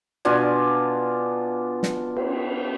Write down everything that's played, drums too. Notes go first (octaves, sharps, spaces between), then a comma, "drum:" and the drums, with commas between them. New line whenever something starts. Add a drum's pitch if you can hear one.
B2 D4 F4 G#5
drum: snare
drum: cymbal